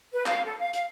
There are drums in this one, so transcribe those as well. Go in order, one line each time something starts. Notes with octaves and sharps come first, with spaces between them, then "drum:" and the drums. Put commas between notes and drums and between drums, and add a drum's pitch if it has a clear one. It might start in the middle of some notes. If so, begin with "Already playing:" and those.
B4
F5, drum: clap
A4
F5
F5, drum: hi-hat